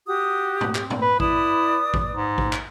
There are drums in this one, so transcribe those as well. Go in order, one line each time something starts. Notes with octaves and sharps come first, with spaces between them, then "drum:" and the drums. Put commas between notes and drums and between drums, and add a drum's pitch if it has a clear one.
F#4 G4 D#6
drum: tom G#2
C4, drum: clap
drum: tom G#2
B4
E4 B4 D5 D#6, drum: kick A1
drum: kick A1
G#2
drum: kick A1
drum: clap